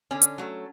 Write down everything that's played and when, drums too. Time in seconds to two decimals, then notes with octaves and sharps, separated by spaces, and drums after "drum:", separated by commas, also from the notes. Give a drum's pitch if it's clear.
0.11 D3 C#4
0.22 drum: hi-hat
0.38 F#3 A3